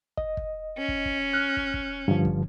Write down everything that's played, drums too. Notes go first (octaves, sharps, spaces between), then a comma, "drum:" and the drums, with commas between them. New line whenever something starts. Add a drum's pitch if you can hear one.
D#5, drum: kick
drum: kick
C#4
drum: kick
drum: kick
F6 F#6
drum: kick
drum: kick
G2 D3 F3
drum: kick